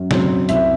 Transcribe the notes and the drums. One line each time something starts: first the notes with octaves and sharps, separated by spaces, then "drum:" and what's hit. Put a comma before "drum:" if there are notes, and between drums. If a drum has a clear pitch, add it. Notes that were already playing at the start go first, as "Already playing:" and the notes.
Already playing: F#2 F#3
F#3 C4, drum: snare
C2 E5, drum: hi-hat